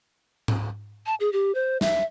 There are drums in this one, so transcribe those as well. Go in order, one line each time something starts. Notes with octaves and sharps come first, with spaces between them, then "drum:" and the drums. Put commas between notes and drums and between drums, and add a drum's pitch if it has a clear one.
drum: tom G#2
A5
G#4
G4
C5
E5, drum: snare